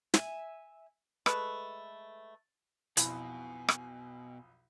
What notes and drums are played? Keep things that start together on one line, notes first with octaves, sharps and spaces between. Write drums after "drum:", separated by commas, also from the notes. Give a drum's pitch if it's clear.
E5 G#5, drum: snare
G#3 A3 A4 B4, drum: rim click
B1 F2 B2 F3 E4 G#5 B5, drum: hi-hat
drum: rim click